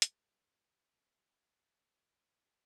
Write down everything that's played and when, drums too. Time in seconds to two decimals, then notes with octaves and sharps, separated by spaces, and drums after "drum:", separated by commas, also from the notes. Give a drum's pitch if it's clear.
0.02 G#1 G#2 C3 A#3 G4 A#4, drum: hi-hat